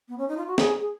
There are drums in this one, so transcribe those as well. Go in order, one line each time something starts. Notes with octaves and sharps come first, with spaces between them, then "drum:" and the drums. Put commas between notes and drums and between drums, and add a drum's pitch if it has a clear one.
B3
C#4
D#4
F4
F#4
G#4, drum: snare
G#4